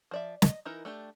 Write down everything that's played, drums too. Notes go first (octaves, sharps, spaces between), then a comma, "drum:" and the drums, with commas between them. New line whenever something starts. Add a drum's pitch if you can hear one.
F3 D5 E5
D#5, drum: snare
E3 D#4 E4 A#4
A3 D4 G4